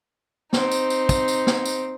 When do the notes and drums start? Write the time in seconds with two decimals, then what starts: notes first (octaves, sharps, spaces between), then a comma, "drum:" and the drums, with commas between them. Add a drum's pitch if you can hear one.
0.53 C4 D#4, drum: snare
0.71 drum: tambourine
0.90 drum: tambourine
1.09 drum: kick, tambourine
1.28 drum: tambourine
1.47 drum: snare
1.66 drum: tambourine